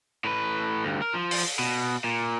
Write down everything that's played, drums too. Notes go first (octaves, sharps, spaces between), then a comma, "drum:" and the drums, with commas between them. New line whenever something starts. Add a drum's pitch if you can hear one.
A2 B4
D2 G2
A#4
F3
drum: open hi-hat
B2
A#2